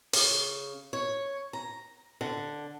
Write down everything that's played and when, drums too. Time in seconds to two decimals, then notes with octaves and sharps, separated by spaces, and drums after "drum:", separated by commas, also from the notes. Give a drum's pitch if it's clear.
0.13 C#3, drum: open hi-hat
0.93 C#5
1.53 A#5
2.21 D3